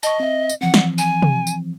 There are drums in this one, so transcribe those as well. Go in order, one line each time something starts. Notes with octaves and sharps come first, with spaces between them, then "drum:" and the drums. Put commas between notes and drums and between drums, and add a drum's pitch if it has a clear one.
D#5 A5 C#6, drum: tambourine
C4 E5
drum: tambourine
E3 F3 C4 F#5
drum: snare
G#5, drum: tambourine
drum: tom
drum: tambourine